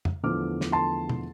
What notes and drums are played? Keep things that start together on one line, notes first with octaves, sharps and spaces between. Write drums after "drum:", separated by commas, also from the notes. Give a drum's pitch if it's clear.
drum: tom F2
E2 D3 F3 A3 D6 F6
drum: snare
A5 C6
drum: tom